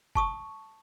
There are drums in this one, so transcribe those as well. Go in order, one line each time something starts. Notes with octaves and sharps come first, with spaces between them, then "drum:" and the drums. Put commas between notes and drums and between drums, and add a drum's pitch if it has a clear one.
A5 C#6 D#6, drum: kick